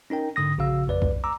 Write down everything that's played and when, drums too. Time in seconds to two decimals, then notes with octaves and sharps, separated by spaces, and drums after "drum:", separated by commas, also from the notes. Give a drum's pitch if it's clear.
0.10 C#4 D#4 A#4 G5
0.36 G#2 D3 D#6 A#6
0.58 A#1 C#3 F#4 F5 E6
0.87 A1 F2 B4 D5
1.02 drum: kick B1
1.24 A#5 D6 E6